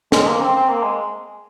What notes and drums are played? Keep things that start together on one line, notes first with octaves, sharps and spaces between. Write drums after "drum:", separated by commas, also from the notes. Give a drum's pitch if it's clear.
G#3, drum: snare
G#3
A#3
C4
C4
A#3
G#3